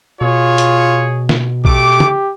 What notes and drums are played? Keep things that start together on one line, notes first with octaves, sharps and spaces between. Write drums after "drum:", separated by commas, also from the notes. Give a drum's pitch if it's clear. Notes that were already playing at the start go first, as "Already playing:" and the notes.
B2 F4 G#4 C#5
drum: hi-hat
drum: snare
A3 G4 D6, drum: kick A#1
drum: tom